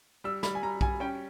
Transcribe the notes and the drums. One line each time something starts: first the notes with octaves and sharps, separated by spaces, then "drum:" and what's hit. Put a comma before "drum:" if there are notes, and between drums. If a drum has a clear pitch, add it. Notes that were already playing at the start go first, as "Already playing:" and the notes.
G3 E6
G3 B5, drum: snare
G#5
G3 A#5
G3 G#5, drum: kick B1
C#4 G5